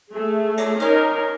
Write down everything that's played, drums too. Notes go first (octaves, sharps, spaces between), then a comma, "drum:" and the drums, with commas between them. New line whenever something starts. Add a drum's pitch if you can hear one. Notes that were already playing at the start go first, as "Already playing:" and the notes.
A3 G#4
drum: cymbal
C#4 D#4 A#4, drum: cymbal